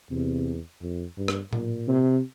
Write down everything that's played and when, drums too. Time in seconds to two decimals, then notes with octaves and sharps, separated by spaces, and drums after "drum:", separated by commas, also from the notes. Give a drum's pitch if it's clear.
0.11 E2 C3
0.81 F2
1.17 G2
1.28 drum: rim click
1.53 A#2, drum: tom A2
1.88 C3